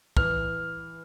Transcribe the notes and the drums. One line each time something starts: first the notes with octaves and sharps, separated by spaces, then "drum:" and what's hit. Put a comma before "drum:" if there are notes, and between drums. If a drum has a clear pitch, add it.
E3 F6, drum: kick